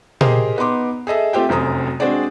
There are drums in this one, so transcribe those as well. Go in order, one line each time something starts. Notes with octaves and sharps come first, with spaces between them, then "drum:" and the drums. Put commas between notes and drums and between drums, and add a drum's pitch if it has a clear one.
G4 G#4 A#4 C5 D#5, drum: tom A#2
B3 D#4 C6 D6
G#4 A4 D#5 E5
A3 C4 F4 G4 E5 G5
F1 F#2 C4 A#5 D#6
G#3 C4 D4 F#4 G#4 D5